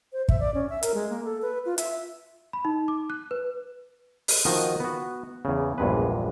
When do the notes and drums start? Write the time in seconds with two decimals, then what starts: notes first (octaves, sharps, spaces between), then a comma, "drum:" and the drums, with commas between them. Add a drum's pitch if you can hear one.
0.13 C5
0.29 E5, drum: kick
0.40 D5
0.54 C#4
0.69 E5
0.83 A#4, drum: hi-hat
0.94 G#3
1.10 A#3
1.25 A4
1.42 B4
1.65 F4
1.78 E5, drum: hi-hat
2.53 B5
2.65 D#4
2.88 D6
3.10 F#6
3.31 B4
4.28 drum: open hi-hat
4.45 D#3 F3 F#4 D#5 F#5
4.80 B3 F#4
5.45 E2 C#3
5.78 A#1 E2 G2 G#3 B4